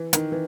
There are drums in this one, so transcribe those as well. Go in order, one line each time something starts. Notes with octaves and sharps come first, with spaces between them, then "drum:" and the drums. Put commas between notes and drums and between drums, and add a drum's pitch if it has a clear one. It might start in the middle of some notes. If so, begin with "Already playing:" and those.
Already playing: E3
D#3, drum: hi-hat
E3